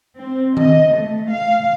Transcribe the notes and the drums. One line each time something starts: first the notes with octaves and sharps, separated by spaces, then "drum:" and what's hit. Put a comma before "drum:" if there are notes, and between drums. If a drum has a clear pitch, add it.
C4
D#5, drum: tom D#3
A3
F5